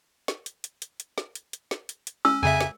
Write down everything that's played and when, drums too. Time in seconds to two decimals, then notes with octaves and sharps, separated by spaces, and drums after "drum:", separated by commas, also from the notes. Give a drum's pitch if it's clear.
0.28 drum: snare
0.46 drum: hi-hat
0.64 drum: hi-hat
0.82 drum: hi-hat
1.00 drum: hi-hat
1.18 drum: snare
1.35 drum: hi-hat
1.53 drum: hi-hat
1.71 drum: snare
1.89 drum: hi-hat
2.07 drum: hi-hat
2.25 C#4 E6
2.43 F2 C#3 E5 G#5
2.61 drum: snare